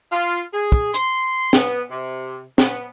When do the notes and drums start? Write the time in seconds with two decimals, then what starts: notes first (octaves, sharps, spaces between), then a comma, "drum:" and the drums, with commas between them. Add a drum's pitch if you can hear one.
0.12 F4
0.54 G#4
0.72 drum: kick
0.94 C6, drum: hi-hat
1.53 B3, drum: snare
1.90 C3
2.58 B3, drum: snare